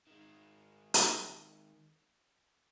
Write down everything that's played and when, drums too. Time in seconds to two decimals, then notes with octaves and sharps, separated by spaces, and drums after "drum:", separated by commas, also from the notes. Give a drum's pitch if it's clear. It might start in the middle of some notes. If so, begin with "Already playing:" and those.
0.07 D#3 G#3
0.94 drum: hi-hat